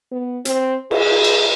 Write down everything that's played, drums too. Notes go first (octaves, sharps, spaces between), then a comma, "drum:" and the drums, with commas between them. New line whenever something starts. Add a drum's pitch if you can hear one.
B3
C4, drum: hi-hat
G#4, drum: cymbal
drum: cymbal